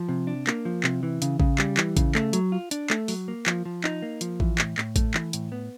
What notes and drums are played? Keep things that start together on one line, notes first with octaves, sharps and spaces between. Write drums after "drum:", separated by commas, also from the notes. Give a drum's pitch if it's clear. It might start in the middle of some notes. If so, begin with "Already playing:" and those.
Already playing: F3
C3
D4
A#3, drum: clap
F3
C3, drum: clap
E3
C#3, drum: hi-hat
C#3, drum: kick A1
G3, drum: clap
E3, drum: clap
C#3, drum: kick A1, hi-hat
A3, drum: clap
F#3, drum: hi-hat
F4
D4, drum: hi-hat
A3, drum: clap
F#3, drum: open hi-hat
A#3
F3, drum: clap
F3
D#4, drum: clap
A#3
F3, drum: hi-hat
E3, drum: kick A1
A2, drum: clap
A2, drum: clap
A3, drum: kick A1, hi-hat
E3, drum: clap
A2, drum: hi-hat
B3